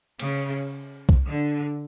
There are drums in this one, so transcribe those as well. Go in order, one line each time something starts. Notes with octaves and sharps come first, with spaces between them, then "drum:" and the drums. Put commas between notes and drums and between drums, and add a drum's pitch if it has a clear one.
C#3, drum: cymbal
drum: kick
D3